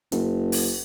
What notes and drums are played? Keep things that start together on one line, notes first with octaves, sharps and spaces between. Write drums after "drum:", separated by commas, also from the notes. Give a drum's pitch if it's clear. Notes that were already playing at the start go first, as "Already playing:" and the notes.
F#1, drum: hi-hat
drum: open hi-hat